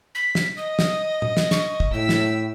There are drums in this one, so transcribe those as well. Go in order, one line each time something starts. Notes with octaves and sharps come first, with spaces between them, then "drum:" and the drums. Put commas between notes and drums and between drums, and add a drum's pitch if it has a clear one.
B6
drum: snare
D#5 D#6
drum: snare
drum: tom
drum: snare
C#6, drum: snare
drum: kick
A2 G5 E6 B6
drum: snare